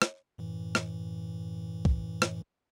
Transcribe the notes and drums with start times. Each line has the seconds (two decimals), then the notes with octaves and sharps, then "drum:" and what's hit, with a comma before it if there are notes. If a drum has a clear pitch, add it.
0.02 drum: rim click
0.38 F#2 A2 E3
0.75 drum: rim click
1.85 drum: kick
2.22 drum: rim click